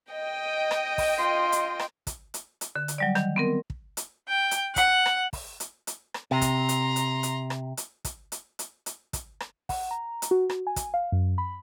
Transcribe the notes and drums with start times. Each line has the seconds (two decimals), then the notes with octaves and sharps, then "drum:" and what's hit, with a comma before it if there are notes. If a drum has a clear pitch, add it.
0.11 D#5 G5
0.71 drum: rim click
0.98 drum: kick, open hi-hat
1.18 F4 C6
1.52 drum: hi-hat
1.79 drum: rim click
2.07 drum: kick, hi-hat
2.34 drum: hi-hat
2.61 drum: hi-hat
2.76 D3
2.88 drum: hi-hat
2.98 F#3 G3 D5
3.15 D#3, drum: rim click
3.36 B3 C4 A#4
3.70 drum: kick
3.97 drum: hi-hat
4.29 G5
4.51 drum: hi-hat
4.76 F#5, drum: kick, hi-hat
5.06 drum: rim click
5.33 drum: kick, open hi-hat
5.60 drum: hi-hat
5.87 drum: hi-hat
6.14 drum: rim click
6.31 C3 A#5 C6
6.41 drum: kick, hi-hat
6.69 drum: hi-hat
6.96 drum: hi-hat
7.23 drum: hi-hat
7.50 drum: rim click
7.77 drum: hi-hat
8.05 drum: kick, hi-hat
8.32 drum: hi-hat
8.59 drum: hi-hat
8.86 drum: hi-hat
9.13 drum: kick, hi-hat
9.40 drum: rim click
9.69 F#5, drum: kick, open hi-hat
9.91 A#5
10.22 drum: hi-hat
10.31 F#4
10.50 F#4, drum: rim click
10.67 G#5
10.76 drum: kick, hi-hat
10.94 F5
11.12 F#2
11.38 B5